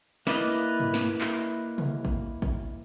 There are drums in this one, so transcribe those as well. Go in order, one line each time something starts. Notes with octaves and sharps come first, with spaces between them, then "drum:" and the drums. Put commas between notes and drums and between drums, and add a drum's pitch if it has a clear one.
A#3 E4 B4 D5 D#5, drum: snare
drum: open hi-hat
drum: tom
drum: snare
drum: clap
drum: tom
drum: kick
drum: kick